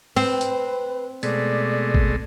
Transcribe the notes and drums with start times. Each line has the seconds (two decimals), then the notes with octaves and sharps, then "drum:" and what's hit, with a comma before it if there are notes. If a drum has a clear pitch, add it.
0.16 C4 B4, drum: open hi-hat
0.41 drum: hi-hat
1.23 B2 G#3 A3 D5, drum: hi-hat
1.94 drum: kick G#1